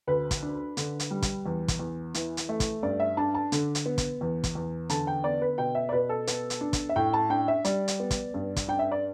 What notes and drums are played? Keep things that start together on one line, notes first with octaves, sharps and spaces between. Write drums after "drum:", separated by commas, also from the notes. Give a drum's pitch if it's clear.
D2 B4
drum: kick, hi-hat
D4
D3, drum: hi-hat
drum: hi-hat
G3
drum: kick, hi-hat
E2
drum: kick, hi-hat
E2
E3, drum: hi-hat
drum: hi-hat
A3
drum: kick, hi-hat
G2 D5
E5
D4 A5
A5
D3, drum: hi-hat
drum: hi-hat
B3
drum: kick, hi-hat
E2
drum: kick, hi-hat
E2
D3 A5, drum: hi-hat
G5
B3 D5
B4
B2 G5
E5
D5
B2 B4
A4
B3, drum: hi-hat
drum: hi-hat
D4
drum: kick, hi-hat
E5
A2 G5
A5
D4 G5
E5
G3 D5, drum: hi-hat
drum: hi-hat
B3
drum: kick, hi-hat
G2
drum: kick, hi-hat
D4 G5
E5
D5